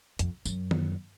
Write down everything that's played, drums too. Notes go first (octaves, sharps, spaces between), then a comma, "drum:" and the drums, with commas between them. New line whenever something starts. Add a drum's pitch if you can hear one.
F2, drum: hi-hat
F#2, drum: tambourine
drum: tom D#3